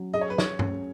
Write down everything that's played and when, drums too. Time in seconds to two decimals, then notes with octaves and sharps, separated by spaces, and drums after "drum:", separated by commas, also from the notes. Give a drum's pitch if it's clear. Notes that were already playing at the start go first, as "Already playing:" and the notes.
Already playing: F#3 C#4
0.14 G#4 D#5
0.21 C#5
0.30 B4
0.38 C#5, drum: snare
0.59 C#4, drum: tom G2